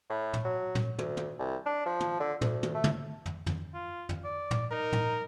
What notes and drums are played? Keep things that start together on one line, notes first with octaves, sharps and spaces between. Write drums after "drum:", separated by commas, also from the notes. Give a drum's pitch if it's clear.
A2
drum: tom
F#3
drum: tom
D2, drum: tom
drum: tom
C2
D4
F3
drum: tom
D3
D2, drum: tom
drum: tom
A3
drum: tom
drum: tom
drum: tom
F4
drum: tom
D5
drum: tom
D#4 A#4
drum: tom